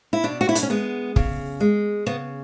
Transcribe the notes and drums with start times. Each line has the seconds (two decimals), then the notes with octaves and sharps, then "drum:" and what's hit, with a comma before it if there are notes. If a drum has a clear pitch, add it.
0.13 E4
0.24 B2 D4
0.41 F#4
0.49 E4
0.55 D4, drum: hi-hat
0.63 C#4
0.70 G#3 B3
1.16 C#3, drum: kick
1.60 G#3
2.06 C#3 B3